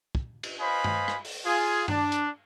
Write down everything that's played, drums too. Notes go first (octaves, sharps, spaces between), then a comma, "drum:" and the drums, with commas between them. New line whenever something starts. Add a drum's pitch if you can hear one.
drum: kick
drum: cymbal
B4 C5 D#5 F5 G#5 B5
drum: tom G2
drum: rim click
drum: open hi-hat
F4 G#4 G#5
D4, drum: tom G2
drum: hi-hat